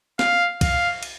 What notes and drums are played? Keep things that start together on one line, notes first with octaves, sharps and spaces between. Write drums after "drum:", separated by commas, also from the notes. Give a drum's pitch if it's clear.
F5, drum: snare
F5, drum: kick, cymbal
drum: cymbal